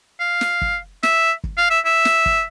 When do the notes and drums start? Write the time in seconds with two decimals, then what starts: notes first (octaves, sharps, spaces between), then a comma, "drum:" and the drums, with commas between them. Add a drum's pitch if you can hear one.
0.20 F5
0.41 drum: snare
0.61 drum: kick
1.03 E5, drum: snare
1.44 drum: kick
1.57 F5
1.70 E5
1.85 E5
2.05 drum: snare
2.26 drum: kick